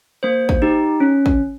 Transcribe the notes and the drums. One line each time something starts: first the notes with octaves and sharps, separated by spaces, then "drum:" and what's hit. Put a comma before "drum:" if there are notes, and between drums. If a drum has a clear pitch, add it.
A#3 C5
drum: kick
D#4 G4
C#4
drum: kick